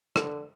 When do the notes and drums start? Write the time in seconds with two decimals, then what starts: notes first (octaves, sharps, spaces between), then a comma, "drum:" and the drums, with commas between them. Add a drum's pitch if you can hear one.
0.16 D3, drum: rim click